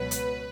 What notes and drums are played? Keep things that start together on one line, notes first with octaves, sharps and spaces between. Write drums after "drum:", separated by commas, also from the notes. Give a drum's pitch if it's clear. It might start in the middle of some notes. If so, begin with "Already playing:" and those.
Already playing: C#2 B2 F#3 B4
drum: hi-hat